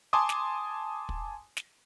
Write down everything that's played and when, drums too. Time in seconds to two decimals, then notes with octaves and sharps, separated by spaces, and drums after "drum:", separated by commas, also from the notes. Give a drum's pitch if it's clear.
0.13 G#5 A5 C6 D6 D#6
0.29 drum: snare
1.09 drum: kick
1.57 drum: snare